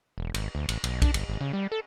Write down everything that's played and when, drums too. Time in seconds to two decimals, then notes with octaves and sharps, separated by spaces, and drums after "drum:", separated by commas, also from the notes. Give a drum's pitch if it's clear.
0.18 E1
0.34 G#1, drum: cymbal
0.55 D2
0.69 A1, drum: cymbal
0.84 B1, drum: cymbal
1.02 D4, drum: kick B1, cymbal
1.14 G1, drum: cymbal
1.29 G#1
1.41 C#3
1.53 G3
1.72 A4